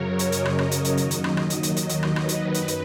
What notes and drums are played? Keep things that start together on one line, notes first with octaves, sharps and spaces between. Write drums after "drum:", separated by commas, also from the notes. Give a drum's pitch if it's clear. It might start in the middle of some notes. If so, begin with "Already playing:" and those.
Already playing: F#2 C#3 F#3 A#4 C#5
D#5, drum: hi-hat
drum: hi-hat
drum: rim click
drum: rim click
drum: hi-hat
drum: hi-hat
D#2 D#3 F#3 D#5, drum: hi-hat
drum: hi-hat
drum: rim click
drum: rim click
drum: hi-hat
drum: hi-hat
D#5, drum: hi-hat
drum: hi-hat
drum: rim click
B4, drum: rim click
drum: hi-hat
F#2 B4, drum: hi-hat
drum: hi-hat